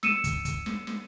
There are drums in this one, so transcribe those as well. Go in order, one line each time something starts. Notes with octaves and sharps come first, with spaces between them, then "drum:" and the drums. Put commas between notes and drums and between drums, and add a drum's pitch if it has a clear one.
E6 C#7 D#7 E7, drum: snare
drum: kick, hi-hat
drum: kick, hi-hat
drum: snare
drum: snare